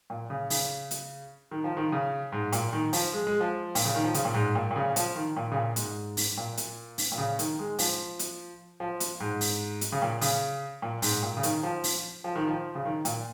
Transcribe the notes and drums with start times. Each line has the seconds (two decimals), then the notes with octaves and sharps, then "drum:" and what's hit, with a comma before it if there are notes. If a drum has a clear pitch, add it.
0.10 A#2
0.30 C#3
0.50 C#3, drum: open hi-hat
0.91 drum: hi-hat
1.51 D#3
1.64 F3
1.77 D#3
1.92 C#3
2.32 G#2
2.52 A#2, drum: hi-hat
2.73 D#3
2.93 F3, drum: open hi-hat
3.13 G#3
3.27 G#3
3.40 F3
3.75 A#2, drum: open hi-hat
3.85 C#3
3.95 D#3
4.04 F3
4.14 C#3, drum: hi-hat
4.25 A#2
4.34 G#2
4.55 A#2
4.71 A#2
4.76 C#3
4.96 F3, drum: hi-hat
5.16 D#3
5.37 A#2
5.52 C#3
5.56 A#2
5.76 G#2, drum: hi-hat
6.17 drum: open hi-hat
6.37 A#2
6.57 drum: hi-hat
6.98 drum: open hi-hat
7.12 A#2
7.18 C#3
7.39 D#3, drum: hi-hat
7.59 G#3
7.79 F3, drum: open hi-hat
8.19 drum: hi-hat
8.80 F3
9.00 drum: hi-hat
9.20 G#2
9.41 drum: open hi-hat
9.81 drum: hi-hat
9.92 C#3
10.02 A#2
10.21 C#3, drum: open hi-hat
10.82 A#2
11.02 G#2, drum: open hi-hat
11.23 A#2
11.37 C#3
11.43 D#3, drum: hi-hat
11.63 F3
11.84 drum: open hi-hat
12.24 F3
12.36 D#3
12.47 F3
12.75 C#3
12.85 D#3
13.05 A#2, drum: hi-hat